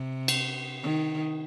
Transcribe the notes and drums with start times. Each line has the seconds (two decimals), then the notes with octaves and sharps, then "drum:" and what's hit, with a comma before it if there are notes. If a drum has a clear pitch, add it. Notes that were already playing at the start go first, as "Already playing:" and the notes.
Already playing: C3
0.28 drum: cymbal
0.82 D#3